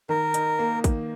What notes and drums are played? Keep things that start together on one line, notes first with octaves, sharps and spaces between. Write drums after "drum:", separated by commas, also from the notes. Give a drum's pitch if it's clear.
D#3 A#4
D#4, drum: hi-hat
A#3
D#3, drum: kick, hi-hat